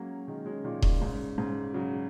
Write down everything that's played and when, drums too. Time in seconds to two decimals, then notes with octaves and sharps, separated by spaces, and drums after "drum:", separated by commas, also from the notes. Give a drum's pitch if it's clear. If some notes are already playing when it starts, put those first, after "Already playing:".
Already playing: F#3 G#3 A#3 C#4
0.28 D#3 G#3
0.46 G#3 C#4
0.64 A#2 D#3
0.82 A#2 D#3, drum: kick D#1
1.01 G#2 C#3
1.38 G#2 C#3
1.74 C#3 F#3